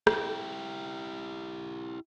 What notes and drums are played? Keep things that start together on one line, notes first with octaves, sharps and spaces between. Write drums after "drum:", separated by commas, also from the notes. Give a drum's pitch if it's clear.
E4 G4, drum: rim click